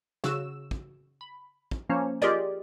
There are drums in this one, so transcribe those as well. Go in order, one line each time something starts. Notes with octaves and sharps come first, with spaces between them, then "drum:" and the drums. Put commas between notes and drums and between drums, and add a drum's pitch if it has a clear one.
C#3 F#4 E6 E7, drum: snare
drum: kick
B5
drum: kick
F3 A#3 C#4 C5 C#5
F4 G4 G#4 A#4 D5 D#5, drum: snare